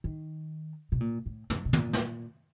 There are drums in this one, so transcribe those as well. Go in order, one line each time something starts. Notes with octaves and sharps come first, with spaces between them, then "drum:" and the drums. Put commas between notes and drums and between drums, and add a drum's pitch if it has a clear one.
D#3
B2
A#2
A2
A2, drum: tom
B2
A#2, drum: tom
drum: snare